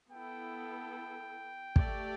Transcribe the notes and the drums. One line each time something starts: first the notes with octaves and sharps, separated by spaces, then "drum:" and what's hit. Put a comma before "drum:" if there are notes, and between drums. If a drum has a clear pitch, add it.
B3 E4 A4 G5
A3 G4 D5, drum: kick